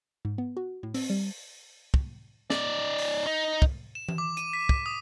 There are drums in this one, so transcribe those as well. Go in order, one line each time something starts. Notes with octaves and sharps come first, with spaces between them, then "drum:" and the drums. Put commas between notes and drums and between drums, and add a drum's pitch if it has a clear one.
G#2
B3
F#4
A2
C4, drum: open hi-hat
G3
drum: kick
D#4 D5, drum: snare
drum: open hi-hat
D#4
drum: kick
E7
drum: tom E3
D6
D#7, drum: hi-hat
B6
drum: kick
D#6